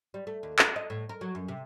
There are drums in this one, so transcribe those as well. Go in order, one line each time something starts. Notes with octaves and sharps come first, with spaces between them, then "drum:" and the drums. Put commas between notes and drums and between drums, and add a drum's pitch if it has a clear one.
G3
A3
D#2
A4, drum: clap
D#5
A2
A#4
F#3
F#2
C3